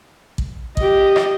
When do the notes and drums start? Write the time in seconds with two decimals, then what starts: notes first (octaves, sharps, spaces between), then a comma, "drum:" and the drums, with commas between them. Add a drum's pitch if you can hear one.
0.38 drum: kick
0.77 G4 D#5, drum: kick
1.16 drum: rim click